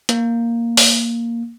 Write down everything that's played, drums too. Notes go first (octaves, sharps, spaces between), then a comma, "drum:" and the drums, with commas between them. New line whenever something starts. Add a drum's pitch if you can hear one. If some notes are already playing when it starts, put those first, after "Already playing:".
A#3, drum: hi-hat
drum: open hi-hat